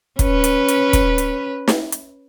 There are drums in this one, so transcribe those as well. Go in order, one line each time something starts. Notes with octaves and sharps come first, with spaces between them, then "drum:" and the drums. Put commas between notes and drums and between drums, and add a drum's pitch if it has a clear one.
C#4 B4, drum: kick, hi-hat
drum: hi-hat
drum: hi-hat
drum: kick, hi-hat
drum: hi-hat
drum: snare
drum: hi-hat